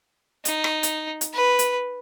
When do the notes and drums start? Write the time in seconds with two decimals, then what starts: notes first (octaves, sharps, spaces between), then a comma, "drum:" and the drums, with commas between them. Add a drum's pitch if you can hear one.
0.45 D#4, drum: hi-hat
0.64 drum: rim click
0.83 drum: hi-hat
1.21 drum: hi-hat
1.33 B4
1.59 drum: hi-hat